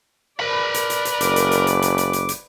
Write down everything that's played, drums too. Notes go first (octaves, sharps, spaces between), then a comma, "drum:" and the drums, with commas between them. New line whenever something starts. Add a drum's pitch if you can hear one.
A#4 B4 D5 B5
drum: hi-hat
drum: hi-hat
drum: hi-hat
F#1 D6, drum: hi-hat
drum: hi-hat
drum: hi-hat
drum: hi-hat
drum: hi-hat
drum: hi-hat
drum: hi-hat
drum: hi-hat